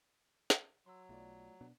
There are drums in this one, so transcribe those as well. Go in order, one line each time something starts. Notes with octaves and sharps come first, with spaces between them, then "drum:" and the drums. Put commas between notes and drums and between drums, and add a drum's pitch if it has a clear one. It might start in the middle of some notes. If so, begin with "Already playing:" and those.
drum: snare
F#3 C6 E6
B1 A3 F4 D5
B2 B3 D4